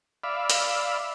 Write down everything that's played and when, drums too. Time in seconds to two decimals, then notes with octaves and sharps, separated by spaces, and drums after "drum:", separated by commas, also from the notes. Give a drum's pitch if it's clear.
0.24 D5 E5 F5 B5
0.50 drum: hi-hat